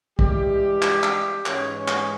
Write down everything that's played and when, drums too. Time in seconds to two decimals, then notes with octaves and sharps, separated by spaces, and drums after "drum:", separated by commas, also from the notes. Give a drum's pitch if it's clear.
0.19 G2 E3 G3 G#3 G4, drum: kick
0.82 drum: clap
1.03 drum: clap
1.46 G#2 E3 G#3 C#4 C#5, drum: clap
1.77 C#4 C#5
1.88 drum: clap